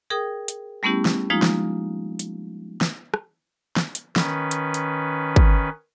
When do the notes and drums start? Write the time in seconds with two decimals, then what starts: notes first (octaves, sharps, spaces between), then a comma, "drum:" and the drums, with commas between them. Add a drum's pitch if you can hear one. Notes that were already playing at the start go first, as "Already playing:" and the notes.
0.10 G#4 A#4 G5 D#6
0.48 drum: hi-hat
0.83 G3 A3 B3 C#4 E4 G4
1.05 drum: snare
1.30 F3 G#3 A#3 D#4 F4
1.42 drum: snare
2.19 drum: hi-hat
2.81 drum: snare
3.14 drum: rim click
3.77 drum: snare
3.95 drum: hi-hat
4.16 D#3 C#4 B4, drum: snare
4.51 drum: hi-hat
4.74 drum: hi-hat
5.36 drum: kick